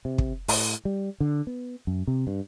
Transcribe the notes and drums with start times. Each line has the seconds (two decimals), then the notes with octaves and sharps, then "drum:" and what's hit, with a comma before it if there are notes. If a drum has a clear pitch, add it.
0.05 C3
0.18 drum: kick
0.48 A2, drum: open hi-hat
0.85 G3
1.20 D3
1.47 B3
1.87 F#2
2.07 C3
2.27 G2